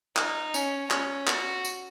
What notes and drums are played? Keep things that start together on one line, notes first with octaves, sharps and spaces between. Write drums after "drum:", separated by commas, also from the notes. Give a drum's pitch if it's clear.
D#4, drum: clap
C#4, drum: tambourine
C#4, drum: clap
F#4, drum: clap
drum: tambourine